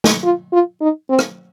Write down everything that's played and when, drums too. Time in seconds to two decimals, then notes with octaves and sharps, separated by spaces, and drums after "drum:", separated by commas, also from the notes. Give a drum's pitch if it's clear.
0.04 drum: snare
0.24 F4
0.53 F4
0.81 D#4
1.09 C4
1.19 drum: rim click